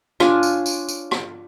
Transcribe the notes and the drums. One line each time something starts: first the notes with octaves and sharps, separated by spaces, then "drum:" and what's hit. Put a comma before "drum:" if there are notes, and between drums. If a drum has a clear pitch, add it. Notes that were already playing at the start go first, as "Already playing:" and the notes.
D4 F4 C#5 G#5, drum: rim click
drum: tambourine
drum: tambourine
drum: tambourine
drum: rim click